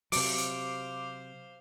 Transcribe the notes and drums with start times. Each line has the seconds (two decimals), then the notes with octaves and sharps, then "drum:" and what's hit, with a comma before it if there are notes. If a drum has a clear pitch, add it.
0.12 C3 F#3 C5 F5 D6, drum: open hi-hat
0.38 drum: hi-hat